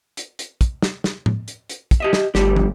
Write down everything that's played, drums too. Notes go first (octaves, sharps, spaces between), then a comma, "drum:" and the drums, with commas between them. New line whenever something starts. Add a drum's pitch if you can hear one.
drum: hi-hat
drum: hi-hat
drum: kick, hi-hat
drum: snare
drum: snare
drum: tom A2
drum: hi-hat
drum: hi-hat
drum: kick, hi-hat
G4 D#5 E5
drum: snare
G1 G3 A3 G4, drum: snare
drum: tom